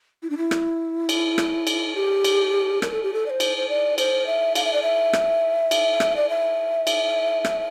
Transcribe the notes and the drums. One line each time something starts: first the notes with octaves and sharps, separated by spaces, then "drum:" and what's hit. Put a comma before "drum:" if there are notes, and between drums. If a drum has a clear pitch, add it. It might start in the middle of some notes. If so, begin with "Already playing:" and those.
E4
D4
E4
drum: rim click
drum: cymbal
drum: rim click
drum: cymbal
G4
drum: cymbal
A#4, drum: rim click
A4
G4
A4
D5
C5
drum: cymbal
C5
D5
C5, drum: cymbal
E5
F5, drum: cymbal
E5
D5
E5
drum: rim click
drum: cymbal
drum: rim click
D5
E5
drum: cymbal
drum: rim click